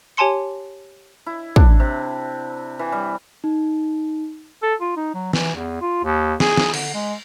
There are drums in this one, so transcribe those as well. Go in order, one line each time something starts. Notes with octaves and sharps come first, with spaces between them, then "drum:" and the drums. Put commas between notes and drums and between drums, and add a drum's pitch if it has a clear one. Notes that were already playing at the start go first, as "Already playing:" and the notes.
G4 C#5 G#5 A5 C6 C#7
E4
D4, drum: kick
C3
E3
G3
D#4
A4
F4
D#4
F#3
E3, drum: snare
E2
F4
D#2
G#4, drum: snare
drum: snare
D3, drum: cymbal
G#3